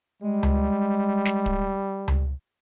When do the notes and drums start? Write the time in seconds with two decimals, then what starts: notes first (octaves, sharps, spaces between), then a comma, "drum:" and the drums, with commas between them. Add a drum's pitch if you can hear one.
0.22 G3 G#3
0.43 drum: tom C#2
1.25 drum: snare
1.46 drum: kick
2.08 drum: tom C#2